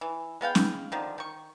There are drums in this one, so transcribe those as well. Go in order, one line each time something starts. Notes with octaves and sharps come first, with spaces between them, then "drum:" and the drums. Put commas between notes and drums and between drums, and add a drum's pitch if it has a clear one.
E3
G#3 B3 F5 G5
drum: snare C#4
D3 D#3 F3
D#3 C#6